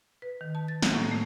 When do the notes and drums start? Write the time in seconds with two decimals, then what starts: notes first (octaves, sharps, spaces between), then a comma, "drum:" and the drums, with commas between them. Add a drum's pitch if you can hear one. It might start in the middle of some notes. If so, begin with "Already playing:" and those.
0.22 B4
0.41 D#3
0.55 A5
0.68 A6
0.82 A#3, drum: snare
0.95 A2
1.11 A3